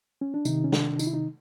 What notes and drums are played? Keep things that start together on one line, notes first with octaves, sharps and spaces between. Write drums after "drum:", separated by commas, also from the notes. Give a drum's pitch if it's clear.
C#4
D4
C3 D#3 D#4, drum: tambourine
C#4
D4, drum: snare
D#4, drum: tambourine
E4
D#4